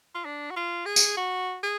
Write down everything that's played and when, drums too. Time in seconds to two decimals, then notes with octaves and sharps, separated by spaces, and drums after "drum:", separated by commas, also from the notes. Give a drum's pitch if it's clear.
0.14 F4
0.25 D4
0.51 F#4
0.56 F4
0.86 G#4
0.96 drum: tambourine
1.17 F#4
1.63 G#4